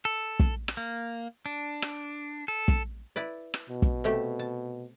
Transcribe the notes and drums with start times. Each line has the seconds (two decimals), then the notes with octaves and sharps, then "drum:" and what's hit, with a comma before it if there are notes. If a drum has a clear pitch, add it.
0.05 A4
0.40 drum: kick
0.68 drum: rim click
0.77 A#3
1.46 D4
1.82 drum: rim click
2.48 A4
2.68 drum: kick
3.16 E4 B4 D5
3.54 drum: rim click
3.70 B2
3.82 drum: kick
4.04 C3 A3 G4
4.39 A5